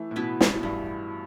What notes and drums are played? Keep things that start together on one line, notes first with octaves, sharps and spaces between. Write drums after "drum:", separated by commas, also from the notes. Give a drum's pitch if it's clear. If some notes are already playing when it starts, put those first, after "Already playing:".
Already playing: E3 A3
A2
B2 B3 E4 B4
drum: snare
G2 E3